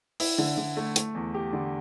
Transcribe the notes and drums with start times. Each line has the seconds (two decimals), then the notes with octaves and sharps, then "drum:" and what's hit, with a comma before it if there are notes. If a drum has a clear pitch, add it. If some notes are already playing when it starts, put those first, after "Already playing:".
0.20 E4, drum: open hi-hat
0.38 D3
0.58 D3
0.77 A3
0.96 A3, drum: hi-hat
1.15 E2
1.34 G4
1.53 D3